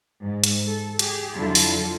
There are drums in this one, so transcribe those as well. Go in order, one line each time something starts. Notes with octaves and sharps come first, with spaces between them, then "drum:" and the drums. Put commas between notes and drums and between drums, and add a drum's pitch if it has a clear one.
G#2
drum: hi-hat
A4
G4 G#4, drum: hi-hat
F2 D3 F#3 E4 F4 A4
drum: open hi-hat